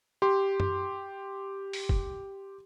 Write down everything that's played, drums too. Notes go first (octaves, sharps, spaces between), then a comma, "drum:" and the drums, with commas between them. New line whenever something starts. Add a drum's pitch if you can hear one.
G4 C6
drum: tom F#2
drum: open hi-hat
drum: kick